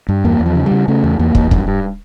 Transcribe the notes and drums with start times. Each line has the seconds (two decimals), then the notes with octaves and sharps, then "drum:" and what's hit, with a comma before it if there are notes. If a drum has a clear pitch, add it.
0.09 G2
0.24 E2 A#3
0.40 E2
0.46 F3
0.55 C#3
0.66 G3
0.71 C#3
0.88 C#3 A3
1.04 E2
1.19 E2 A#3
1.35 E2, drum: kick
1.51 G2, drum: kick
1.67 G2